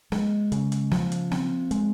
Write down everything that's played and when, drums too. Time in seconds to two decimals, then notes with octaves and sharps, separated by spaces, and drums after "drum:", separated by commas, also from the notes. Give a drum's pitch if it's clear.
0.12 G#3, drum: snare
0.52 C#3, drum: hi-hat
0.72 drum: hi-hat
0.91 F3, drum: snare
1.12 drum: hi-hat
1.32 C4, drum: snare
1.71 G#3, drum: hi-hat